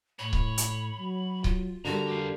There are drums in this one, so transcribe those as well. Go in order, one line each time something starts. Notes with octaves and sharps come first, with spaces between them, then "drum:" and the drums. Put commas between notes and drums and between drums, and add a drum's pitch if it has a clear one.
A2 C#5 B5
drum: kick C#1
drum: hi-hat
F#3
F4, drum: kick C#1
D3 G3 F#4 A#4 A#5
G4 F5